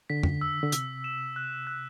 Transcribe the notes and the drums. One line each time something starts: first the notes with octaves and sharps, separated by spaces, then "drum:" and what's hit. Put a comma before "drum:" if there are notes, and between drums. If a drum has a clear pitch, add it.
D3 B6
drum: tom F2
E6
D3
C3 E6, drum: hi-hat
E7
F#6
F#6